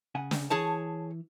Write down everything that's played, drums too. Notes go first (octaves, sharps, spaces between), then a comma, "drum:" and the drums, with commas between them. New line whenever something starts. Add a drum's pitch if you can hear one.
C#3 F#5 G#5
drum: snare
E3 G#4 C#5 A5